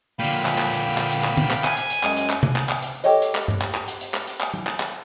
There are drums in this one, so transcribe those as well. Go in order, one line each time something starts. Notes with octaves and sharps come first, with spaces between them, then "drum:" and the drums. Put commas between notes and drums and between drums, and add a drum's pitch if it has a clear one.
A#2 D3 F5 G5 B5
drum: clap
drum: clap
drum: hi-hat
drum: clap
drum: hi-hat
drum: clap
drum: tom
drum: clap
G#5, drum: clap
drum: hi-hat
drum: hi-hat
F#2 G#3, drum: clap
drum: hi-hat
drum: clap
drum: tom C3
drum: clap
drum: clap
drum: hi-hat
G4 A4 C#5 D#5
drum: hi-hat
drum: clap
drum: tom G2
drum: clap
drum: clap
drum: hi-hat
drum: hi-hat
drum: clap
drum: hi-hat
drum: clap
drum: tom
drum: clap
drum: clap